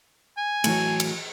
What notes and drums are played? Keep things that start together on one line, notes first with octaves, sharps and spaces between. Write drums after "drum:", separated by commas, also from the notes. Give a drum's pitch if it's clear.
G#5
A2 E3 F#3, drum: cymbal
drum: cymbal